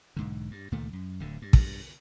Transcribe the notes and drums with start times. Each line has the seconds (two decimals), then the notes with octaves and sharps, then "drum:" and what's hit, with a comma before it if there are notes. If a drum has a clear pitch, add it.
0.16 B1 G#2 D3
0.51 G2
0.72 C#2 A#2 D#3 A3
0.93 F#2
1.20 D1 D2 D3
1.42 G2
1.53 drum: kick